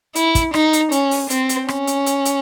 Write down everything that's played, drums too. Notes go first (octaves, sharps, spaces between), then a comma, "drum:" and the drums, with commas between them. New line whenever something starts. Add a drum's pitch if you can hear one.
E4, drum: hi-hat
drum: kick, hi-hat
D#4, drum: rim click
drum: hi-hat
C#4, drum: hi-hat
drum: open hi-hat
C4, drum: hi-hat
drum: hi-hat
C#4, drum: rim click
drum: hi-hat
drum: hi-hat
drum: hi-hat